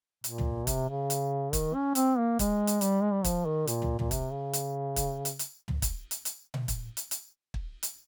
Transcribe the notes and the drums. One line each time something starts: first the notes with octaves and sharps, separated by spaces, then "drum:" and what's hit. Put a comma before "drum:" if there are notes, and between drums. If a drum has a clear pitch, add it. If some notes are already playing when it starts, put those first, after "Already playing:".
A#2, drum: hi-hat
drum: tom
C3, drum: kick, hi-hat
C#3
drum: hi-hat
D#3, drum: kick, hi-hat
C#4
C4, drum: hi-hat
A#3
G#3, drum: kick, hi-hat
drum: hi-hat
G3, drum: hi-hat
G#3
G3
F3, drum: kick, hi-hat
D#3
A#2, drum: hi-hat
drum: tom
A#2, drum: tom
C3, drum: kick, hi-hat
C#3
drum: hi-hat
drum: kick, hi-hat
drum: hi-hat
drum: hi-hat
drum: tom
drum: kick, hi-hat
drum: hi-hat
drum: hi-hat
drum: tom A#2
drum: kick, hi-hat
drum: hi-hat
drum: hi-hat
drum: kick
drum: hi-hat